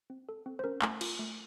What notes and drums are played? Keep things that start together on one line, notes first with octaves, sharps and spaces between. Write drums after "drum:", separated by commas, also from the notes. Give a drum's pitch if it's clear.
C4
A4
C4
C5
C#4 A#4
A3, drum: clap
F4, drum: cymbal
A3